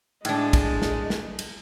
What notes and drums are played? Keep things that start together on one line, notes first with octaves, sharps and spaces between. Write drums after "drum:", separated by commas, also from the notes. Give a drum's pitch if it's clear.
A2 G#3 D4, drum: cymbal
drum: kick, cymbal
drum: snare
drum: snare
drum: cymbal